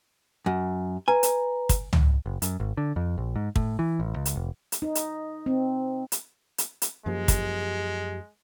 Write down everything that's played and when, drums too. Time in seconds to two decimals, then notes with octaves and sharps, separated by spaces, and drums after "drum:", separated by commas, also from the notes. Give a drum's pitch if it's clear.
0.46 F#2
1.08 B4 G#5 A#5
1.23 drum: hi-hat
1.69 drum: kick, hi-hat
1.93 drum: tom C#2
2.26 F#1
2.42 F#2, drum: hi-hat
2.60 G#1
2.77 D3
2.96 F2
3.18 A#1
3.36 G#2
3.56 A2, drum: kick
3.79 E3
4.00 A1
4.16 C#2
4.25 drum: hi-hat
4.36 F1
4.72 drum: hi-hat
4.82 D#4
4.95 drum: hi-hat
5.46 C4
6.12 drum: hi-hat
6.58 drum: hi-hat
6.82 drum: hi-hat
7.06 F#2 F3 G#3 A#3 G4
7.28 drum: kick, hi-hat